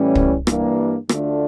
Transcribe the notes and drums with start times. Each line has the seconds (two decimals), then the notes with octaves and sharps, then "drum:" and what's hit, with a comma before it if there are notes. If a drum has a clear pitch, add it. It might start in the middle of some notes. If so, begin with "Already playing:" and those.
Already playing: A2 E3 G3 C#4
0.15 drum: kick
0.47 G2 E3 G3 A#3, drum: rim click
1.09 D2 D3 A3 D4 F4, drum: rim click